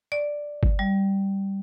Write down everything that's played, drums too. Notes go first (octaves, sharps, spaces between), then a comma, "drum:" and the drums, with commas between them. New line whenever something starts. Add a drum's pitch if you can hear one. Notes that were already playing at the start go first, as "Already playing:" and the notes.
D5
drum: kick G1
G3